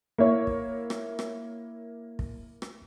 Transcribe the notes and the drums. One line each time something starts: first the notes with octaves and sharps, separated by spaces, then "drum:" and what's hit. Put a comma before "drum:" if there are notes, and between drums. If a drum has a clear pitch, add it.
A#3 E4 C#5
drum: kick
drum: rim click
drum: rim click
drum: kick
drum: rim click